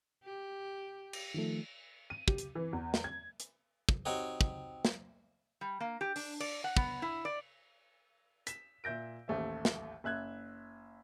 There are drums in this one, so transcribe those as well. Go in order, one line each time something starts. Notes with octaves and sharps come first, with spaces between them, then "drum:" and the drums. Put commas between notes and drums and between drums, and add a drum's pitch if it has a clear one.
G4
drum: cymbal
D#3 F3 A3
D#7
G4, drum: kick
drum: hi-hat
E3
E2
drum: snare
G#6
drum: hi-hat
drum: kick
C4 D#4 F#4 G4 C#5
drum: kick
drum: snare
G3
A#3
G4
D4, drum: open hi-hat
D5, drum: cymbal
F#5
B3, drum: kick
E4
D5
B6 E7, drum: hi-hat
A#2 E5 G6 A#6 D7
A1 D#2 A3 C5 E5
drum: snare
F#1 E5 F#6 G#6